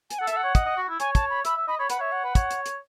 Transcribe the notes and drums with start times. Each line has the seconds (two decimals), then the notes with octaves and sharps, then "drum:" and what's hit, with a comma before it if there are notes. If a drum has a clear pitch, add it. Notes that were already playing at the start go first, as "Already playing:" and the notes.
0.10 G#5, drum: hi-hat
0.19 A4 F#5
0.27 E5, drum: hi-hat
0.32 A4 F#5
0.43 C#5
0.55 D#5, drum: kick, hi-hat
0.66 D#5
0.77 F#4
0.89 E4
1.00 C#5 G#5, drum: hi-hat
1.15 A5, drum: kick, hi-hat
1.30 B5
1.45 E5 B5, drum: hi-hat
1.56 E5
1.68 D#5 B5
1.79 C#5 B5
1.90 B4 F#5, drum: hi-hat
1.99 C#5 E5
2.12 F#5
2.24 B4
2.35 C#5, drum: kick, hi-hat
2.51 drum: hi-hat
2.66 drum: hi-hat